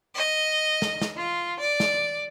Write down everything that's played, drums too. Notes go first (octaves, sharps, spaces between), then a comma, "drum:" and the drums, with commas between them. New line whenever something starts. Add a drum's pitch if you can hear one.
D#5
drum: snare
drum: snare
F4
D5
drum: snare